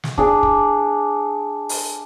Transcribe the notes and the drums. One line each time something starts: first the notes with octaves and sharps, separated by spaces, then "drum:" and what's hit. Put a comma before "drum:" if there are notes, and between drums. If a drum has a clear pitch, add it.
drum: snare
D4 G#4 D5, drum: kick
drum: kick
drum: open hi-hat